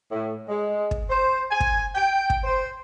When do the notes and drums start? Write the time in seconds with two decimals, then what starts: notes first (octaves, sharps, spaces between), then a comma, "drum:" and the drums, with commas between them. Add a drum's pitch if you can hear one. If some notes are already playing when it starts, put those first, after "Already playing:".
0.11 A2
0.48 G#3
0.91 drum: kick
1.09 C5
1.51 G#5
1.60 drum: kick
1.95 G5
2.30 drum: kick
2.44 C5